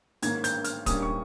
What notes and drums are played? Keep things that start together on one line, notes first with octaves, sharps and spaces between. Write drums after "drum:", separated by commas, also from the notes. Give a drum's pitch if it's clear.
G#2 D#3 A#3 C#4 G#6, drum: hi-hat
G6, drum: hi-hat
F6, drum: hi-hat
A#1 G#2 G3 A#3 C#4 D#6, drum: kick D1, hi-hat
C#6